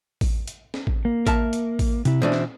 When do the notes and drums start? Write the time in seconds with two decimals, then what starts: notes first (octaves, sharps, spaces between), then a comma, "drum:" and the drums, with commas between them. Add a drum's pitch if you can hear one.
0.21 drum: kick A1, open hi-hat
0.48 drum: hi-hat
0.74 drum: snare
0.87 drum: kick A1
1.05 A#3
1.27 A#4 E5 A5, drum: kick A1, hi-hat
1.53 drum: hi-hat
1.79 drum: kick A1, open hi-hat
2.05 C3 E4, drum: hi-hat
2.22 B2 E3 D4 C5 E5
2.32 drum: snare